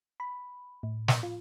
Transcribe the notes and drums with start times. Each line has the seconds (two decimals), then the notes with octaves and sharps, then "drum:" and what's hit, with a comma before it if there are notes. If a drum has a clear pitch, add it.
0.20 B5
0.83 A2
1.08 drum: snare
1.23 F4